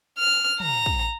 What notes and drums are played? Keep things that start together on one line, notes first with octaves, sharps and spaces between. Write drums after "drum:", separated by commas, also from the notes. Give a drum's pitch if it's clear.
F6
A#5, drum: tom
drum: kick